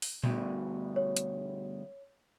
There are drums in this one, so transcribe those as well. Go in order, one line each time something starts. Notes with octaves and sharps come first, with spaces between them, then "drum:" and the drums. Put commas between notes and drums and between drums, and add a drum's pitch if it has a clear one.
drum: open hi-hat
D2 G2 B2, drum: tom A#2
C#5
drum: hi-hat